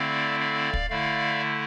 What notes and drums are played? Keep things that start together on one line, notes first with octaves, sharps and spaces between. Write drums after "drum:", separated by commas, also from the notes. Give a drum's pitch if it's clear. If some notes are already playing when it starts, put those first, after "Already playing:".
Already playing: D3 A3 C4 E4 D5 F5
D5 F5
drum: kick
D3 A3 E4 D5 F5